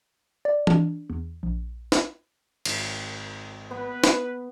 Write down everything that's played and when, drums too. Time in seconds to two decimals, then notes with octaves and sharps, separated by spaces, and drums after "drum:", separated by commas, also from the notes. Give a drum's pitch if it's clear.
0.45 D5
0.67 D4, drum: tom E3
1.10 E2
1.43 A#1
1.92 drum: snare
2.65 G#1 D#4 B6, drum: cymbal
3.71 B3 B4
4.04 drum: snare